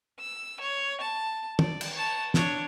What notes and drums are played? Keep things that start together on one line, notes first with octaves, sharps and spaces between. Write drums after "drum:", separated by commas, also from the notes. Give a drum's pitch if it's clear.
E6
C#5
A5
D5, drum: tom
drum: cymbal
C#5 A5
D4 C#5, drum: snare